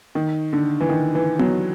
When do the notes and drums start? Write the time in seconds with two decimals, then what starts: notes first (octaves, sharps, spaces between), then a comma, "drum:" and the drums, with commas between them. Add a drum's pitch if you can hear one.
0.15 D#3
0.53 D3
0.80 E3
0.89 D#3
1.15 E3
1.39 F#3, drum: tom B3